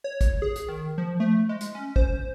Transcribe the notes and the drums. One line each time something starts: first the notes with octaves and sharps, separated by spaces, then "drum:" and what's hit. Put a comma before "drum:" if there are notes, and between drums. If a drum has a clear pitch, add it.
C#5
drum: kick, hi-hat
G#4
drum: hi-hat
D#3
F3
A3
G#3
drum: hi-hat
C#4
C5, drum: kick